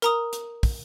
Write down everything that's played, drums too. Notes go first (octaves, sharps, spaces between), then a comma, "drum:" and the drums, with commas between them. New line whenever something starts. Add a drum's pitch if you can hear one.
A#4 A#5 D#6, drum: hi-hat
drum: hi-hat
drum: kick, open hi-hat